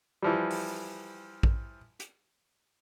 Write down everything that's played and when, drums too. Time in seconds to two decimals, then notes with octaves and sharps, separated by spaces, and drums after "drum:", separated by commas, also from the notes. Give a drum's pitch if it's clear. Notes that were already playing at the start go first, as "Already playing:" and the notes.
0.22 E3 F3 G3
0.51 drum: open hi-hat
1.43 drum: kick
2.00 drum: hi-hat